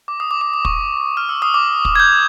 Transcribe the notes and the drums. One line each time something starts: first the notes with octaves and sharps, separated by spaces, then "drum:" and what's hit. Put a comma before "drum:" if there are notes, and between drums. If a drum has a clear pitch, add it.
D6
D#6
D6
D6
D6
C#6, drum: kick
F6
E6
D#6
D6
drum: kick
G#6
G6